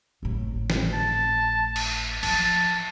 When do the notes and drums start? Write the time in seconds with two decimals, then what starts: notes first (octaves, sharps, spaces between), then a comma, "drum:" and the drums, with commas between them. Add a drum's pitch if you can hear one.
0.23 G#1 A2
0.70 drum: snare
0.93 A5
1.76 drum: cymbal
2.23 F3 A5, drum: cymbal